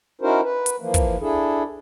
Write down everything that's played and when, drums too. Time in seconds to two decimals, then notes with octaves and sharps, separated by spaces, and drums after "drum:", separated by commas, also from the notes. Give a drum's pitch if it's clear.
0.21 C#4 D#4 E4 F#4 A#4 C5
0.43 B4
0.66 drum: hi-hat
0.80 E3 F3 A#3
0.94 drum: kick, hi-hat
1.20 D4 E4 G#4 A4